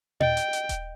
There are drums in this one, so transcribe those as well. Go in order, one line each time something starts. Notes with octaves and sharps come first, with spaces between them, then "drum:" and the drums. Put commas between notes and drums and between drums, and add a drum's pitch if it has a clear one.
D#5 G5, drum: tom A#2
drum: hi-hat
drum: hi-hat
drum: kick D#1, hi-hat